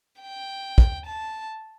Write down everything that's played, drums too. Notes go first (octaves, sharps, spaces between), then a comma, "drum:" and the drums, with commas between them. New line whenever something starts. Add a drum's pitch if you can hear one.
G5
drum: kick
A5